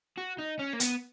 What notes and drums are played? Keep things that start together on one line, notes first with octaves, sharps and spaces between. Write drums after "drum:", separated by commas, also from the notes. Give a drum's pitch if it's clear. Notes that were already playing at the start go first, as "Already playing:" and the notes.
F#4
D#4
C#4
A#3
B3, drum: hi-hat